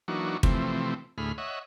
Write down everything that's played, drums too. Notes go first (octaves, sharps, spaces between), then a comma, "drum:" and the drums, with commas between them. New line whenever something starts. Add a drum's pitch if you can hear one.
E3 F#3 A#3 D4 D#4 F#4
C3 E3 F3 A3 C4, drum: kick
D2 A2 G#4 B5 F6
C#5 D#5 E5 F#5